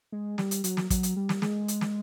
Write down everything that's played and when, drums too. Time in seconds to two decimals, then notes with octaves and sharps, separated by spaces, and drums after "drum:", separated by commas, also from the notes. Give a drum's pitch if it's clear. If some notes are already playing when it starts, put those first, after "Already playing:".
0.12 G#3
0.38 G3, drum: snare
0.51 drum: hi-hat
0.64 F#3, drum: hi-hat
0.77 drum: snare
0.90 F#3, drum: kick, hi-hat
1.03 drum: hi-hat
1.16 G3
1.29 drum: snare
1.42 G#3, drum: snare
1.68 drum: hi-hat
1.81 drum: snare